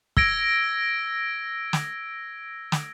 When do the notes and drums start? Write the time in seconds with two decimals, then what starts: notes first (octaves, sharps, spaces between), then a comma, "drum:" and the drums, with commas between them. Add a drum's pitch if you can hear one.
0.17 E6 G#6 A#6 D7, drum: kick
1.73 drum: snare
2.72 drum: snare